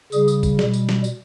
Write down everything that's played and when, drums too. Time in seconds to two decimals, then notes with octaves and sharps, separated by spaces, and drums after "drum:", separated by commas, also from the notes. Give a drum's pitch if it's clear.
0.12 C#3 G3 G#4, drum: tambourine
0.28 drum: tambourine
0.43 drum: kick, tambourine
0.59 B2 G3, drum: snare
0.74 drum: tambourine
0.89 drum: snare
1.04 drum: tambourine